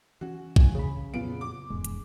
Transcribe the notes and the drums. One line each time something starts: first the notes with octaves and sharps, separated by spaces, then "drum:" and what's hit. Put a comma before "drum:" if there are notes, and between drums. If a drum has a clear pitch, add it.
E3 C#4 F#4
G#3 G#5, drum: kick A#1
C#3 G#4 B5
F2 A#2 F#3 B3 F4 D7
D6
E1 F2 G#2 B2 G#3
drum: hi-hat